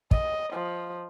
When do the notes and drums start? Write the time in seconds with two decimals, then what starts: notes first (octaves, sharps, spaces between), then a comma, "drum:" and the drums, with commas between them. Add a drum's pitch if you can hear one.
0.11 D#5, drum: kick
0.53 F3